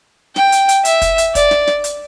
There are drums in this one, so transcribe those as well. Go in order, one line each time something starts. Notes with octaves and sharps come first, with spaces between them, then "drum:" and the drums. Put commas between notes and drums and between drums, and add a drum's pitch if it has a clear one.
G5, drum: snare
drum: hi-hat
drum: hi-hat
E5, drum: hi-hat
drum: kick, hi-hat
drum: hi-hat
D5, drum: kick, hi-hat
drum: snare
drum: snare
drum: hi-hat